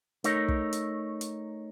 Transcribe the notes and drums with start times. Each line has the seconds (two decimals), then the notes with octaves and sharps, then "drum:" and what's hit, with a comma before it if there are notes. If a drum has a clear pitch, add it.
0.24 A3 D#4 A#4 C#5, drum: hi-hat
0.48 drum: kick
0.73 drum: hi-hat
1.21 drum: hi-hat